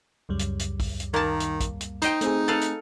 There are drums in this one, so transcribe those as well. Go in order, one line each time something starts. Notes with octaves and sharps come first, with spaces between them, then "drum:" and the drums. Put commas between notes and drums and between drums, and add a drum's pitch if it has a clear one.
C#2 F#2 G3
drum: hi-hat
drum: hi-hat
drum: kick, open hi-hat
drum: hi-hat
D#3 A#3 A5
drum: hi-hat
drum: kick, hi-hat
drum: hi-hat
D#4 C5 D#5 G5, drum: hi-hat
A3 C4 G#4, drum: hi-hat
A4 B4 F5
drum: hi-hat